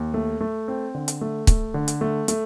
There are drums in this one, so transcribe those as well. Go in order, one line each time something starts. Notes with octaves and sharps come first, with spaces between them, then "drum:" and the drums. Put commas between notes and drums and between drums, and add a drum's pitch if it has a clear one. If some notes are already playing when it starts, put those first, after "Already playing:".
Already playing: D#2
A3
A3
C4
D3
drum: hi-hat
A3
A3, drum: kick C#1, hi-hat
D3
drum: hi-hat
A3
A3, drum: hi-hat